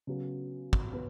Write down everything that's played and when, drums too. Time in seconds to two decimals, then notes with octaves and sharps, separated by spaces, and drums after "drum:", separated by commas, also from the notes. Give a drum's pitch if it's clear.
0.07 C#3 F#3 B3
0.73 drum: kick
0.93 B3